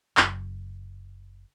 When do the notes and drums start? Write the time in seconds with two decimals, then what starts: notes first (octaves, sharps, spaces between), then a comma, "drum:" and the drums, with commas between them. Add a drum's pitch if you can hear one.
0.17 F#1, drum: clap